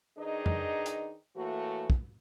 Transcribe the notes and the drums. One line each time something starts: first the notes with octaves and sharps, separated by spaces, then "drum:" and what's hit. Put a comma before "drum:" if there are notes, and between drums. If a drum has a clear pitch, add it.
D#3 D4 D#4 G#4 B4 D#5
drum: tom F2
drum: hi-hat
A2 E3 A3 A#3 F#4
drum: kick